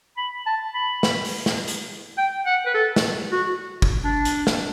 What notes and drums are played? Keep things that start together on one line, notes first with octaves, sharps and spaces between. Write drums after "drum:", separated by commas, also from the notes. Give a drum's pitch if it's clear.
B5
A5
B5
drum: snare
drum: open hi-hat
drum: snare
drum: hi-hat
G5
F#5
B4
A4
drum: snare
F#4
drum: kick
D4
drum: hi-hat
drum: snare